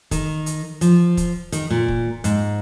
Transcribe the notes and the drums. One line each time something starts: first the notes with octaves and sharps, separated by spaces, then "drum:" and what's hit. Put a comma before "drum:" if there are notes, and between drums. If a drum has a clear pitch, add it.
D#3, drum: kick, hi-hat
drum: hi-hat
F3, drum: hi-hat
drum: kick, hi-hat
D#3, drum: hi-hat
A#2
drum: kick
G#2, drum: hi-hat